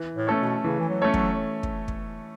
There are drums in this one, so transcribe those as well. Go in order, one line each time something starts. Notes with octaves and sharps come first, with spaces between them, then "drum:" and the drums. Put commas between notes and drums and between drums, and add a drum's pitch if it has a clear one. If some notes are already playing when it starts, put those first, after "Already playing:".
Already playing: E3
A2
A3 C#4 A4 C#5
B2
C#3 E3
E3
F#3
A3 C#4 A4 C#5
F#3, drum: kick
drum: kick
drum: kick